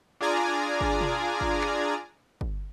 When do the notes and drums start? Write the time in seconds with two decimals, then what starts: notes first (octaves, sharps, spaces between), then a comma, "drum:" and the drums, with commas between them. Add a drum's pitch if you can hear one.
0.21 D4 F4 G#4 D5 G#5 A#5
0.81 drum: kick G1
1.01 drum: tom
1.41 drum: kick G1
1.61 drum: clap
2.41 drum: kick G1